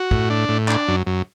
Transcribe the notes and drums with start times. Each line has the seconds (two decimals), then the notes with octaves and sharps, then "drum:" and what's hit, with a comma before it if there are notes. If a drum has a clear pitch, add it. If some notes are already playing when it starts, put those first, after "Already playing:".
Already playing: F#4
0.11 A2, drum: kick
0.30 D4
0.49 A2
0.68 D4, drum: clap
0.88 F#2
1.07 F#2